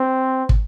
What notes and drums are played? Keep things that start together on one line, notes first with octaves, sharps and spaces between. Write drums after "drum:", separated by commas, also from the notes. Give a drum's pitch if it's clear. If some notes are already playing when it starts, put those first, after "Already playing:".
Already playing: C4
drum: kick